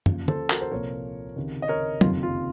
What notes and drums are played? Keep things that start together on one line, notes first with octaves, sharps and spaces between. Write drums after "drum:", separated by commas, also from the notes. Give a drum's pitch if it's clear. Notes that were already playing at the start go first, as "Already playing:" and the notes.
D#2 C#3 F3, drum: tom
A4 C5, drum: tom
F#4 A#4, drum: clap
C5
C2 A#2 F3 A#4 C#5
C#2 C3 D#3
D#5
A#4 C#5
F#1 F2 C3 D#3 F4, drum: tom F#3
F4